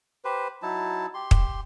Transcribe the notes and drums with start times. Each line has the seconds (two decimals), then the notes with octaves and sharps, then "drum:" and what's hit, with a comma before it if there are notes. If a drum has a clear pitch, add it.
0.25 G4 B4 C5
0.62 F#3 D#4 E4 A5
1.14 G4 C6
1.31 drum: kick